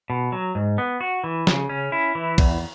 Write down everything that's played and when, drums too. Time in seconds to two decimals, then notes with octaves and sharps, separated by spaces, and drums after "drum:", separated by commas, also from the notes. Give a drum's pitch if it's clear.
0.10 B2
0.32 F#3
0.55 G#2
0.78 B3
1.01 F#4
1.24 E3
1.47 C#3, drum: snare
1.69 C#4
1.92 E4
2.15 E3
2.38 E2, drum: kick B1, cymbal